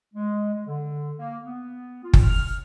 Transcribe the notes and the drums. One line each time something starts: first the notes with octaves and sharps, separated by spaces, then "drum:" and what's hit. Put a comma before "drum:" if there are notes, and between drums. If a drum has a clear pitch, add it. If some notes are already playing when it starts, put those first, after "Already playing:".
G#3
G#3
D3
A#3
B3
F4
drum: kick F#1
F6